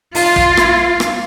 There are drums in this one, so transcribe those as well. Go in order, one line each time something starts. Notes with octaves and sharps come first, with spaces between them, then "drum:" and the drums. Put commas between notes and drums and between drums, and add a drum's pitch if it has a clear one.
F4, drum: open hi-hat
drum: kick
drum: rim click
drum: rim click